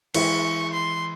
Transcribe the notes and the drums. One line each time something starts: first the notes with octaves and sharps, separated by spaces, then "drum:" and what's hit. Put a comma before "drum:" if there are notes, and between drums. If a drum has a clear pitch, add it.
E3 G#3 E4 C#6, drum: cymbal
C6